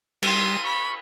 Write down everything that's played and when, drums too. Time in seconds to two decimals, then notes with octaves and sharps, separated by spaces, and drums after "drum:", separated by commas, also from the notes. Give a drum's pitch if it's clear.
0.22 G3 C6 D#7, drum: cymbal
0.64 B5 C#6